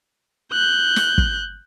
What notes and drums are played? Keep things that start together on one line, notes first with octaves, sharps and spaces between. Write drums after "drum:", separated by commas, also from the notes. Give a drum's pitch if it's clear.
F#6 G6
drum: snare
drum: kick